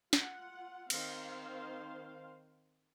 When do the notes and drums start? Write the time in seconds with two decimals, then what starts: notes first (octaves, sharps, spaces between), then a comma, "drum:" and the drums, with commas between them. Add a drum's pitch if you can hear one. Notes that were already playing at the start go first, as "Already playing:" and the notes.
0.13 F4 F#5, drum: snare
0.90 D#3 C4 C5 F5, drum: cymbal